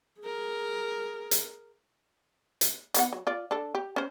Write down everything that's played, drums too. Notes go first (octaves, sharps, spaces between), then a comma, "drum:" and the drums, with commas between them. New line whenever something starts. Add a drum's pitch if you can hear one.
G#4 A#4
drum: hi-hat
drum: hi-hat
D#3 B3 F#5, drum: hi-hat
F#3
F4 D5
D4 A4
G4
C#4 C5